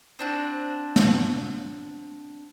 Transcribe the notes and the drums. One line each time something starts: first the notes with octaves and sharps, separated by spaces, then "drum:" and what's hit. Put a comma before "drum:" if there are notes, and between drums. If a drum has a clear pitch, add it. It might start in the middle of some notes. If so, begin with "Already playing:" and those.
C4 D4 F#4
drum: snare